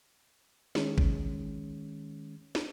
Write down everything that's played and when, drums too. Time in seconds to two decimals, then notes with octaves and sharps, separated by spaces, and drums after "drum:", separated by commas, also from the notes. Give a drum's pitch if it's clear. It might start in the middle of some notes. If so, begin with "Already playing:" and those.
0.75 D#3 G#3 C#4, drum: snare
0.98 drum: kick G#1
2.55 drum: snare